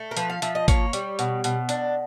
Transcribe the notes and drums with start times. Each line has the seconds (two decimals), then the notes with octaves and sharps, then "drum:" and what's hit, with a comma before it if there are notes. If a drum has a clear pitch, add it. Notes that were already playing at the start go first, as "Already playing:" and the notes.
Already playing: A3
0.11 A#4
0.17 F3 B4, drum: hi-hat
0.30 F5
0.42 F3 E5, drum: hi-hat
0.55 D#5
0.68 A#3 C#5, drum: kick, hi-hat
0.93 G3, drum: hi-hat
1.19 B2, drum: hi-hat
1.44 B2, drum: hi-hat
1.69 D4, drum: hi-hat